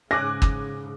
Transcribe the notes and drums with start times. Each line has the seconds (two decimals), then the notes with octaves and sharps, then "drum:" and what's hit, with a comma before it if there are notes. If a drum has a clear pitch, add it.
0.11 G#2 C#3 C#4 G#5 D6 F#6 A#6
0.42 drum: kick